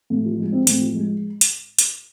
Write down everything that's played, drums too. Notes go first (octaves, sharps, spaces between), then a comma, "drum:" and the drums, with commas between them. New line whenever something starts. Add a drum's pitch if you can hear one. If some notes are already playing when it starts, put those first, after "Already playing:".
A2
F3
G#3
C4
A2, drum: hi-hat
F3
G#3
drum: hi-hat
drum: hi-hat